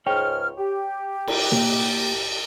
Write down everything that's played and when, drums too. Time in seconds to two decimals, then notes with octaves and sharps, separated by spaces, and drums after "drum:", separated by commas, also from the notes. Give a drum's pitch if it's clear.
0.07 C#2 G#2 C#5 G5 F6
0.58 G4
1.27 drum: cymbal
1.52 A#3, drum: tom